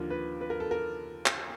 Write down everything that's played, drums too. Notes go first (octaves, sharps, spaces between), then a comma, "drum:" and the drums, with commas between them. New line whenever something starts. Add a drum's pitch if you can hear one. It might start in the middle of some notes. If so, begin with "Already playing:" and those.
Already playing: D#2 D3 F3 A#4
B4
B4
A#4
A4
A#4
drum: clap